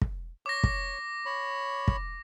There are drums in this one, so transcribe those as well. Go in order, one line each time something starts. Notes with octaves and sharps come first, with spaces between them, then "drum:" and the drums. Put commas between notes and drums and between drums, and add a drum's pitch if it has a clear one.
drum: kick
C#5 D6 A#6
drum: kick
C#5 B5
drum: kick